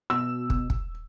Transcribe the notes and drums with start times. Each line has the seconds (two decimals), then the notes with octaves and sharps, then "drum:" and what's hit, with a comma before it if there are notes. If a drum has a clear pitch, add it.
0.10 B2 E6
0.50 drum: kick
0.70 drum: kick